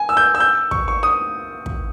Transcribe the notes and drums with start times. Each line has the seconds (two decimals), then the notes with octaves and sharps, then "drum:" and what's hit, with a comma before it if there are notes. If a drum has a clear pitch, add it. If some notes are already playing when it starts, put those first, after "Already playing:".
Already playing: G#5
0.09 E6
0.17 G6
0.35 E6
0.40 G6
0.71 C#6, drum: kick
0.88 C#6
1.03 D#6
1.66 drum: kick